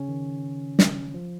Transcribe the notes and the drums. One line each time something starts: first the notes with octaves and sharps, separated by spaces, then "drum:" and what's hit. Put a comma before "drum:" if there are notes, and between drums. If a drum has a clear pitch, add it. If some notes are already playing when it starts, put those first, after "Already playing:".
Already playing: C#3 C#4
D#3
drum: snare
F3